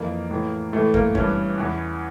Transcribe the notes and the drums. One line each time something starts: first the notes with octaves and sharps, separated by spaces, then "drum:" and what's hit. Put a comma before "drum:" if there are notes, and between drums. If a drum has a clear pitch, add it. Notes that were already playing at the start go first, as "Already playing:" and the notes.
Already playing: F2 E3 A#3
A2 E3
A2 E3 A3
A#3, drum: kick
G2 E3 C#4, drum: kick
E2 E3